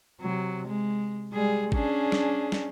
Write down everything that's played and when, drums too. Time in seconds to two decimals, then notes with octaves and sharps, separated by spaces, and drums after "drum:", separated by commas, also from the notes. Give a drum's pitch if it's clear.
0.20 C3 F#3
0.68 G#3
1.32 G3 G#3 G#4
1.72 C#4 D4 G#4, drum: kick G#1
2.12 drum: snare
2.52 drum: snare